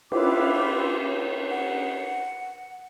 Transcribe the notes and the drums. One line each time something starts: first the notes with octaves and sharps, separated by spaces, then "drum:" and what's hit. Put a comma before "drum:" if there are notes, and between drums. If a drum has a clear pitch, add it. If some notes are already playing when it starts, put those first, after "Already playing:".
E4 F4 B4 D6, drum: cymbal
F#5